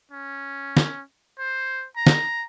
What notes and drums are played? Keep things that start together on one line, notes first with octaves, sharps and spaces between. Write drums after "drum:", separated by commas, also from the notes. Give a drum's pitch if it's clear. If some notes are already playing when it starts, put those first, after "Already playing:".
C#4
drum: snare
C5
A#5
drum: snare